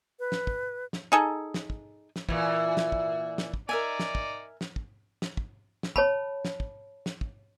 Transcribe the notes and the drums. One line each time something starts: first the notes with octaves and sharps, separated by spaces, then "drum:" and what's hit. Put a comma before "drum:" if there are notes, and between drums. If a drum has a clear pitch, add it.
B4
drum: snare
drum: kick
drum: snare
D#4 G#4 A4
drum: snare
drum: kick
drum: snare
A#2 E3, drum: kick
drum: snare
drum: kick
drum: snare
drum: kick
D#4 A#4 D5 E5 G#5
drum: snare
drum: kick
drum: snare
drum: kick
drum: snare
drum: kick
drum: snare
C#5 A5 B5, drum: kick
drum: snare
drum: kick
drum: snare
drum: kick